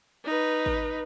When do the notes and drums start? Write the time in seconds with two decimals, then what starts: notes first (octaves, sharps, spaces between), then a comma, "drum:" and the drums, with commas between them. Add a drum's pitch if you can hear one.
0.25 D#4 B4
0.66 drum: kick G#1